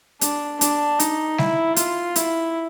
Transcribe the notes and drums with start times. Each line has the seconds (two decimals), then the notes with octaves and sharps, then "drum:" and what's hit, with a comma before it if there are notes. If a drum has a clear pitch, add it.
0.21 D4, drum: hi-hat
0.61 D4, drum: hi-hat
1.00 D#4, drum: hi-hat
1.38 E4, drum: snare G3
1.76 F4, drum: hi-hat
2.16 E4, drum: hi-hat